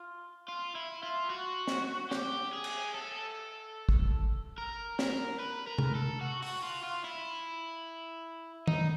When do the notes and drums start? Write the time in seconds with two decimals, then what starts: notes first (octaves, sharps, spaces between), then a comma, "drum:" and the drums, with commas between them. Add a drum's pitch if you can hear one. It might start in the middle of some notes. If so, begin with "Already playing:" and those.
Already playing: F4
0.48 F4
0.75 E4
1.03 F4
1.30 F#4
1.68 drum: snare
2.11 G4, drum: snare
2.53 G#4
2.64 drum: cymbal
2.94 A4
3.89 drum: kick
4.58 A#4
4.99 A#4, drum: snare
5.39 B4
5.67 A#4
5.78 drum: tom C3
5.95 A4
6.21 F#4
6.42 F#4, drum: open hi-hat
6.63 F4
6.83 F4
7.04 E4
8.67 D#4, drum: tom D#3